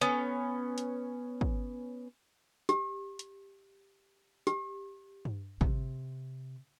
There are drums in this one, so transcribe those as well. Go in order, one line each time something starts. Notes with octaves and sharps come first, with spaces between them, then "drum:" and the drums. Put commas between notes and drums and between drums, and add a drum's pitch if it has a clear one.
B3 C#4
drum: hi-hat
drum: kick
G4, drum: hi-hat
drum: hi-hat
G4, drum: hi-hat
drum: tom G2
C3, drum: kick